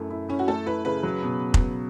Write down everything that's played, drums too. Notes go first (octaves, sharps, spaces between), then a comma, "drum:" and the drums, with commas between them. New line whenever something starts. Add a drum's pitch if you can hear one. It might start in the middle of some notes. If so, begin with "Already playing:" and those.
Already playing: F#2 A3 E4
E4
C#4 E4
F#4
A3 A4
E4 B4
C#3 B4
F#3
B2
drum: kick